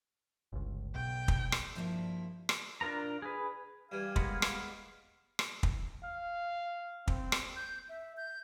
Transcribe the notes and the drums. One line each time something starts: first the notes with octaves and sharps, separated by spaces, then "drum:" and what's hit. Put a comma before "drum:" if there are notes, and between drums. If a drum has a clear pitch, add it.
G1 C#2
B1 G5
drum: kick
drum: rim click
G2 F3 G3 A#3 E4
drum: rim click
D4 F4 A#4 A#5
G#4 B4
G2 E3 G4 F5 G#6
G#3 A#3 B3, drum: kick
drum: rim click
drum: rim click
drum: kick
F5
C4, drum: kick
drum: rim click
G6
E5
G6